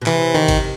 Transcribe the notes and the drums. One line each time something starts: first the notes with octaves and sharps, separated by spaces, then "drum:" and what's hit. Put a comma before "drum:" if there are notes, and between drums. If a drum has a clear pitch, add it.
B2
C3 E3, drum: clap
D#3
drum: kick G#1, cymbal